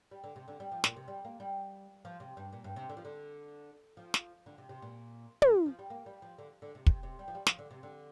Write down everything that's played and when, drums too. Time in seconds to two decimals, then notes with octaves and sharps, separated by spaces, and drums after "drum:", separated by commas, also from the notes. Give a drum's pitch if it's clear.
0.11 G3
0.24 D3
0.36 C3
0.48 D3
0.60 G3
0.72 F3
0.84 A#2, drum: snare
0.97 C3
1.08 G3
1.25 A#3
1.40 G3
2.05 F3
2.20 C3
2.37 G2
2.53 A#2
2.64 G2
2.76 C3
2.89 D3
2.97 F3
3.05 D3
3.97 F3
4.14 drum: snare
4.46 D3
4.58 C3
4.69 C3
4.82 A#2
5.42 A#2, drum: tom
5.66 F3
5.79 G3
5.90 A#3
6.06 G3
6.22 F3
6.38 D3
6.62 D3
6.75 C3
6.86 C3, drum: kick
7.03 C3
7.19 G3
7.28 F3
7.35 G3
7.47 F3, drum: snare
7.59 D3
7.71 C3
7.83 D3